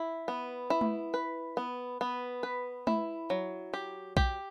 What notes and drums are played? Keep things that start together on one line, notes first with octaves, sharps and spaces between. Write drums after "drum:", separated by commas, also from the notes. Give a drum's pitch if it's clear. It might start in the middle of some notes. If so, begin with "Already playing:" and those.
Already playing: E4
B3
E4
drum: tom G#3
B4
B3
B3
B4
E4, drum: tom G#3
F#3
G4
G4, drum: kick A#1